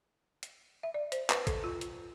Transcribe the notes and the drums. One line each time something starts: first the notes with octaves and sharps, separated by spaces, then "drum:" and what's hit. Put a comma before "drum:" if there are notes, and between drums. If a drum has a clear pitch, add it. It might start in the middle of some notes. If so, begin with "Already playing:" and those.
drum: hi-hat
E5
D5
C5, drum: hi-hat
B4, drum: clap
A4, drum: kick A1, hi-hat
F4
drum: hi-hat